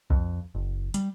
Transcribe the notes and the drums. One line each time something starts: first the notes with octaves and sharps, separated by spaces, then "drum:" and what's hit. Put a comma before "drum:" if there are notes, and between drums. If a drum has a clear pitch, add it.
F2, drum: kick B1
F#1
G3, drum: hi-hat